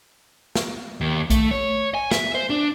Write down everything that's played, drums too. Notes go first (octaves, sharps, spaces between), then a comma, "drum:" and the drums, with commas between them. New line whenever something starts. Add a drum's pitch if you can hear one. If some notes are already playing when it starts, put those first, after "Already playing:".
drum: snare
D#2
A3, drum: kick B1, hi-hat
C#5
G#5
E5, drum: snare
C5
D4